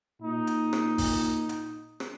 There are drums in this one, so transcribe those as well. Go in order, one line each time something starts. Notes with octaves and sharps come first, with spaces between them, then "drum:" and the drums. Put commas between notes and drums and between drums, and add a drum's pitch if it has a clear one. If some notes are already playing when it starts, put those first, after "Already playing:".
A#2 D#4
drum: hi-hat
drum: rim click
drum: kick G#1, open hi-hat
drum: hi-hat
drum: rim click